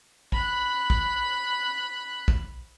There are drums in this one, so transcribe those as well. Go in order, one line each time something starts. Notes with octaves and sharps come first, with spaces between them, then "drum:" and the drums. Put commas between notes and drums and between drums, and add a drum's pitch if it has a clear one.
B5 F#6, drum: kick
drum: kick
drum: kick